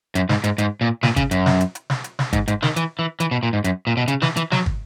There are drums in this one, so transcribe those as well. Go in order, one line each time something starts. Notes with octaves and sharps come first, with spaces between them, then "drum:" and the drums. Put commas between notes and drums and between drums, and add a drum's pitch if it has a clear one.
F#2, drum: hi-hat
G#2, drum: snare
G#2, drum: hi-hat
G#2, drum: hi-hat
A#2
A#2, drum: snare
C#3, drum: kick, hi-hat
F#2, drum: hi-hat
drum: snare
drum: hi-hat
drum: hi-hat
drum: snare
drum: hi-hat
drum: snare
G#2, drum: kick, hi-hat
G#2, drum: hi-hat
D#3, drum: snare
E3, drum: hi-hat
E3
E3, drum: hi-hat
B2
A#2
G#2
F#2, drum: hi-hat
A#2
B2
C#3, drum: hi-hat
E3, drum: snare
E3, drum: hi-hat
F#3, drum: snare
drum: kick